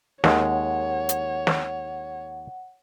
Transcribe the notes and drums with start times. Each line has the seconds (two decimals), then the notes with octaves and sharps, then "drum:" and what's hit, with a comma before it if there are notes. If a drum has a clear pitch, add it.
0.24 D#2 G#3 C#5 F#5, drum: snare
1.09 drum: hi-hat
1.47 drum: snare